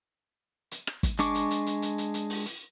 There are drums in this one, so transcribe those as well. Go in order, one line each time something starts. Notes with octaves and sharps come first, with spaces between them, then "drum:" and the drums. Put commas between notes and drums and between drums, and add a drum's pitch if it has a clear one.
drum: hi-hat
drum: rim click
drum: kick, hi-hat
G#3 D4 C#6 D6, drum: hi-hat
drum: hi-hat
drum: hi-hat
drum: hi-hat
drum: hi-hat
drum: hi-hat
drum: hi-hat
drum: open hi-hat
drum: hi-hat